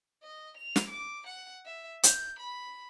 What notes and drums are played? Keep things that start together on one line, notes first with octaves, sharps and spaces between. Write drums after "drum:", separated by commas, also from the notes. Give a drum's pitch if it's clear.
D#5
F7
drum: snare
D6
F#5
E5
G6, drum: hi-hat
B5